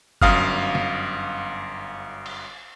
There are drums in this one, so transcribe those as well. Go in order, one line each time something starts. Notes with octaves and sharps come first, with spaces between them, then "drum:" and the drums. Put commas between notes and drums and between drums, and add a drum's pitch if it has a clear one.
G1 F#2 F5 D#6 F6, drum: kick
drum: snare
drum: cymbal